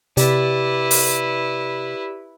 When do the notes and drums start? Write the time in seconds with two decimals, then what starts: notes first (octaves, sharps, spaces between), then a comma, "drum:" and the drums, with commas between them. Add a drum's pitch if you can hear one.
0.17 C3 E4 G4 B4 D5, drum: hi-hat
0.91 drum: open hi-hat